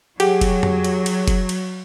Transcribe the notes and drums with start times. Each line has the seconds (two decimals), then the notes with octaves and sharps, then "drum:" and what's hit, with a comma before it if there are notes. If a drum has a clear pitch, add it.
0.20 F#3 G4 G#4 F#5, drum: cymbal
0.41 drum: kick F1, cymbal
0.63 drum: tom F2
0.84 drum: cymbal
1.06 drum: cymbal
1.28 drum: kick F1, cymbal
1.49 drum: cymbal